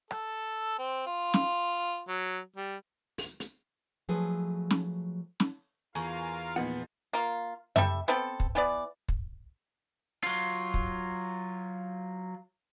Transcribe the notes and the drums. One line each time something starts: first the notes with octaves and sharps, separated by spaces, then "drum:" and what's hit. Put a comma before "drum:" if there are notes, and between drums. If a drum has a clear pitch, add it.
A4, drum: rim click
C4
F4
drum: snare
F#3
G3
drum: open hi-hat
drum: hi-hat
F3 F#3 A3 G#4 A4 B4
drum: snare
drum: snare
E2 F4 A#4 F5 G#5 A#5 C#6
A#2 F3 B3 D#4 F#5
A#3 F4
G3 A4 E5, drum: tom F#2
B3 C4 A4
drum: kick
E3 B3 D5
drum: kick
F#3 F4
drum: kick